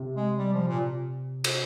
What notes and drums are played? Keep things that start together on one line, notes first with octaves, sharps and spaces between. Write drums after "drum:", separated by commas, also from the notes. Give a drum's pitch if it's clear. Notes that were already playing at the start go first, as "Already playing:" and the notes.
Already playing: C3
G#3
G3
F3
A#2
drum: cymbal